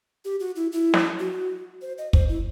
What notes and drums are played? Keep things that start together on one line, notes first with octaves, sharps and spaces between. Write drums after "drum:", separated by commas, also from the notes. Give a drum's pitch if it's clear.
G4
F#4
E4
E4
drum: snare
F#4
C5
D#5
C5, drum: kick
E4